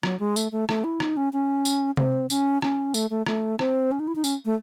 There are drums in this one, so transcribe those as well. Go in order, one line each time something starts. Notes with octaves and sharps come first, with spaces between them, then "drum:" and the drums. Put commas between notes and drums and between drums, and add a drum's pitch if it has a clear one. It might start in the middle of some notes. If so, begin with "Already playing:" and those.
F#3, drum: rim click
G#3
A3, drum: tambourine
A3
A3, drum: rim click
E4
D#4, drum: rim click
C#4
C#4
drum: tambourine
C4, drum: tom C3
C#4, drum: tambourine
C#4, drum: rim click
A3, drum: tambourine
A3
A3, drum: rim click
C4, drum: rim click
C#4
D#4
E4
D#4
C#4, drum: tambourine
A3